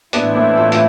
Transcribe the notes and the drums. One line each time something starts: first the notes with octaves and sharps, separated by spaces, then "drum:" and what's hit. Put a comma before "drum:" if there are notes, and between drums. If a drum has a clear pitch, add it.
A2 E3 A3 B3 C4 D4 E4, drum: hi-hat
B3 D4
F4 A4
F4, drum: hi-hat